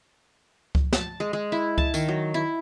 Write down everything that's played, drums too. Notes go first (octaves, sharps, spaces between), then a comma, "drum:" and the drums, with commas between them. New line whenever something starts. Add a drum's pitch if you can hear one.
drum: kick C#2
A5, drum: snare
G#3
G#3
E4
A5, drum: kick C#2
D#3, drum: tambourine
F#3
E4